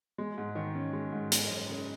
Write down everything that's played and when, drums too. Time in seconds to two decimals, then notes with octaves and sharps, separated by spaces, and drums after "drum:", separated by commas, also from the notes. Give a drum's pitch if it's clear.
0.18 G#3
0.38 G#2
0.55 D#3
0.75 C#4
0.93 G#3
1.12 G#2
1.32 G#3, drum: hi-hat
1.50 F#2
1.70 C#3